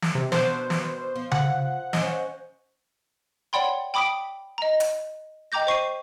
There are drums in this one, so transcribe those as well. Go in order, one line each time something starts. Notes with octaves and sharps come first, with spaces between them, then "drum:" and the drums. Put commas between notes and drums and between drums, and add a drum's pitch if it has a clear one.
drum: snare
C3
B2 B3 D4 C5, drum: snare
drum: snare
F3
F#5, drum: tom C#3
C#4 C5 D#5, drum: snare
C#5 D5 F#5 G5 B5 C6
G5 B5 D6 D#6 B6 D7
D#5 A#5
drum: hi-hat
D#5 G5 A#5 D6 G6 A#6
C5 C#6 C7 D#7